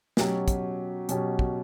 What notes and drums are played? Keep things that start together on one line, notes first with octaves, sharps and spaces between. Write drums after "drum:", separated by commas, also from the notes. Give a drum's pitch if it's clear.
B2 F#3 C#4 G4, drum: snare
drum: kick, hi-hat
B2 F#3 C#4 G4, drum: hi-hat
drum: kick